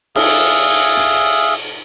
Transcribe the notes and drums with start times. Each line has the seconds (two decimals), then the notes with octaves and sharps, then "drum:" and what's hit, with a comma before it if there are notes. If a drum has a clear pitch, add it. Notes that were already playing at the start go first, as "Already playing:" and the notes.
0.16 G#4 E5 F5, drum: cymbal
0.97 drum: hi-hat